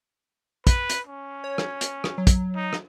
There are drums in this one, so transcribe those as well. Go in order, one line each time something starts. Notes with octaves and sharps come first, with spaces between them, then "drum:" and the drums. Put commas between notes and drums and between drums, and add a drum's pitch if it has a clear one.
B4, drum: kick, hi-hat
drum: hi-hat
C#4
C#5
drum: rim click
drum: hi-hat
drum: rim click
F#3
drum: kick, hi-hat
D#4
drum: rim click